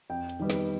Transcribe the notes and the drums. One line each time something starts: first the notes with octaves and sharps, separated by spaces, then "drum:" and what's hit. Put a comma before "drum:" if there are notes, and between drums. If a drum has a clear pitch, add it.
F2 G5
drum: hi-hat
D#3 G3 B3
drum: snare